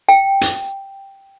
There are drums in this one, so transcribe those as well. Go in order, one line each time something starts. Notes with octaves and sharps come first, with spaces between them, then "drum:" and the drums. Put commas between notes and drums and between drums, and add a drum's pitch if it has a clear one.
G5
drum: hi-hat